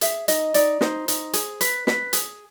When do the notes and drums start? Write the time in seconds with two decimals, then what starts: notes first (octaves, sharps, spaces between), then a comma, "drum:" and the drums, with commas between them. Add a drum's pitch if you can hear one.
0.01 G#4 E5, drum: hi-hat
0.28 D#4 D#5, drum: hi-hat
0.54 D#4 D5, drum: hi-hat
0.81 D#4 C5, drum: snare
1.08 D#4, drum: hi-hat
1.33 G#4, drum: hi-hat
1.61 B4, drum: hi-hat
1.87 B4, drum: snare
2.13 G#4, drum: hi-hat